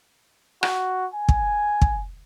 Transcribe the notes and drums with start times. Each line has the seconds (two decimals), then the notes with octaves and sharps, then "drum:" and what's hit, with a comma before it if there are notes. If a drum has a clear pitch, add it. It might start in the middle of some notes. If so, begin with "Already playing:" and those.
0.63 F#4, drum: rim click
1.14 G#5
1.29 drum: kick
1.82 drum: kick